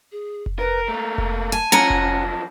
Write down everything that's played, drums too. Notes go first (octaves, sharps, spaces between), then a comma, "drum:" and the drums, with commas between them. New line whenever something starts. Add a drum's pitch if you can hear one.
G#4
drum: kick F1
A#4 B4
A3 A#3 A#5
drum: kick F1
G#5 A5
F#2 F3 C#4 F#5 G#5 A#5
drum: kick F1